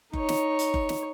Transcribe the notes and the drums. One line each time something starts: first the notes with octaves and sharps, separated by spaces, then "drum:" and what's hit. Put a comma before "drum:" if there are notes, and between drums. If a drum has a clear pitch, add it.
D#4 C#5, drum: kick F#1
drum: snare
drum: hi-hat
drum: kick F#1
drum: snare